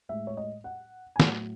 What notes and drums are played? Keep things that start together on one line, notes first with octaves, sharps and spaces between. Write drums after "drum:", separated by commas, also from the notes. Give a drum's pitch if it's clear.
A2 G#3 E5
C#5
D#5
F#5
G#5
A2 F#3 A3 F#5, drum: snare